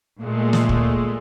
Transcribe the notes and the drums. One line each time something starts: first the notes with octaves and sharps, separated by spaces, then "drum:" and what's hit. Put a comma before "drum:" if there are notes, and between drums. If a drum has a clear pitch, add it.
A#2 G#3 A3
drum: snare
drum: kick